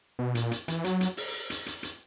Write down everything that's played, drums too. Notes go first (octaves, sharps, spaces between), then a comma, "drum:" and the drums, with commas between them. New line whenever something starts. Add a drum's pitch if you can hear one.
B2
A#2, drum: hi-hat
drum: hi-hat
E3, drum: hi-hat
F#3, drum: hi-hat
drum: hi-hat
drum: open hi-hat
drum: hi-hat
drum: hi-hat
drum: hi-hat